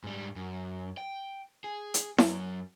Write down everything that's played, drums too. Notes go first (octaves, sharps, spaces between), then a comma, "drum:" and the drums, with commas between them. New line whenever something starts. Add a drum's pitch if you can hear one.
G#2 G3
F#2
G5
G#4
drum: hi-hat
F#2 F#3, drum: snare E4